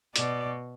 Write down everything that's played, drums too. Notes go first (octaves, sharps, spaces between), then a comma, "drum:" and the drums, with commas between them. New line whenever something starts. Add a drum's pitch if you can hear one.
B2 D5, drum: hi-hat